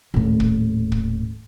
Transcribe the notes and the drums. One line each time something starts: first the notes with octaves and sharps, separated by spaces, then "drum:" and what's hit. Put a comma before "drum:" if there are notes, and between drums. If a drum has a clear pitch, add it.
D#1 A2
drum: kick
drum: kick